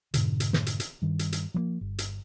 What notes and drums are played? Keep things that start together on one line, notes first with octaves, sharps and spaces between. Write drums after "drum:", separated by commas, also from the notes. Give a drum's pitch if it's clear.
F2 G#2 B2 D3, drum: hi-hat
drum: hi-hat
drum: snare
drum: hi-hat
drum: hi-hat
G2 D#3
drum: hi-hat
drum: hi-hat
F3 F#3 A#3
G1
drum: hi-hat